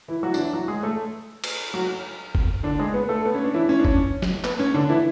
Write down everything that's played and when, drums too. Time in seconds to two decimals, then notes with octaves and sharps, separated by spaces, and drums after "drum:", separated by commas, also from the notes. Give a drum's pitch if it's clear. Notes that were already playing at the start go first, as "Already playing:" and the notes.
0.08 E3 E4
0.23 F#3 F#4
0.34 D4, drum: tambourine
0.38 E3 E4
0.53 F#3 F#4
0.68 G#3 G#4
0.83 A3 A4
1.44 drum: cymbal
1.74 F#3 F#4
2.35 drum: kick F#1
2.63 D3 D4
2.79 G#3 G#4
2.94 B3 B4
3.09 A3 A4
3.25 B3
3.35 C#4
3.44 D4
3.54 E3 E4
3.69 C#4
3.79 D4
3.85 C#4, drum: kick F#1
4.22 drum: snare
4.44 B3, drum: clap
4.59 C#4
4.74 D3 D4
4.89 E3 E4